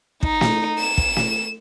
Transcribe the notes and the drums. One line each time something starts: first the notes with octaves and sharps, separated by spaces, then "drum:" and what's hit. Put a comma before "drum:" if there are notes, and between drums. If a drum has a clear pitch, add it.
D#4, drum: kick
drum: snare
E7
drum: kick
drum: snare